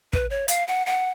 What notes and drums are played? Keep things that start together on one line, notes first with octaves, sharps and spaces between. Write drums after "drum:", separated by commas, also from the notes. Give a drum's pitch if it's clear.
B4, drum: kick
C#5
F5, drum: hi-hat
F#5
F#5